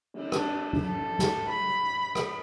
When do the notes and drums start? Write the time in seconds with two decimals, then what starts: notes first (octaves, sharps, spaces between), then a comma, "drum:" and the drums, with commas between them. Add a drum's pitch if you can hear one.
0.14 drum: cymbal
0.32 D4, drum: rim click
0.73 drum: tom
0.84 A4
1.19 drum: snare
1.48 B5
2.15 drum: rim click